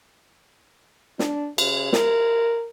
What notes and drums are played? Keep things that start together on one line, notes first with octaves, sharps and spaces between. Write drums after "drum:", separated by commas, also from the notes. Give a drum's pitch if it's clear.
D4, drum: snare
C#3, drum: cymbal
A#4, drum: snare